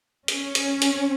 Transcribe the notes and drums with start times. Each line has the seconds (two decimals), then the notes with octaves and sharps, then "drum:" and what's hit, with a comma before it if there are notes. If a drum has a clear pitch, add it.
0.28 C#4, drum: hi-hat
0.55 drum: hi-hat
0.82 drum: hi-hat